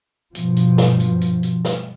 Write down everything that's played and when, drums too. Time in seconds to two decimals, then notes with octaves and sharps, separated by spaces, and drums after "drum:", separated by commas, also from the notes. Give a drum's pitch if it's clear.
0.35 G2 B2 F3, drum: hi-hat
0.57 drum: hi-hat
0.78 drum: snare
1.00 drum: hi-hat
1.21 drum: hi-hat
1.43 drum: hi-hat
1.65 drum: snare